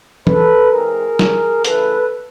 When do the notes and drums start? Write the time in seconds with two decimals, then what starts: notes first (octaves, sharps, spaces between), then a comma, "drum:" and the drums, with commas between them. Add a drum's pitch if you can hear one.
0.27 A4 B4, drum: tom
0.72 E3 G#3 C4 G#4 A#4
1.19 drum: snare
1.64 C#3 E3 A3 A4 B4, drum: hi-hat